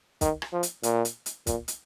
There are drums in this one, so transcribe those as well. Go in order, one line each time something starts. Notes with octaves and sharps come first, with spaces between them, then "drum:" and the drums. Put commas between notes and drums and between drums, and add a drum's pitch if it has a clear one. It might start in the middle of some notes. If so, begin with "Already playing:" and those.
D#3, drum: kick, hi-hat
drum: rim click
F3
drum: hi-hat
A#2, drum: hi-hat
drum: hi-hat
drum: hi-hat
A#2, drum: kick, hi-hat
drum: hi-hat